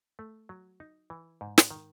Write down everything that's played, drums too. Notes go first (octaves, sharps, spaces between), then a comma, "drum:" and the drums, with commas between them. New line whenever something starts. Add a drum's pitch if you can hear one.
A3
F#3
D#4
E3
G#2
drum: snare
D#3